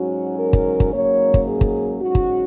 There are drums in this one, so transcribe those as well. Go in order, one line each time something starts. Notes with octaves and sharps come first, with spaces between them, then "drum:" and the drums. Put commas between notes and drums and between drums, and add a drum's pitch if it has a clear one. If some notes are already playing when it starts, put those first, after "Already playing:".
Already playing: G#2 F#3 C#4 F#4
A#4
drum: kick
drum: kick
G#2 F#3 A#3 C#4 C#5
drum: kick
G#4
drum: kick
G#2 F#3 C#4 F#4
drum: kick